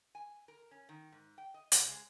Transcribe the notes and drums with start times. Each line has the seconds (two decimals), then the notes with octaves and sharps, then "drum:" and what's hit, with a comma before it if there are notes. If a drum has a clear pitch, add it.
0.15 G#5
0.48 A#4
0.71 C#4
0.89 D#3
1.12 G#2
1.38 G5
1.54 D#5
1.72 C#3, drum: hi-hat
1.89 G#3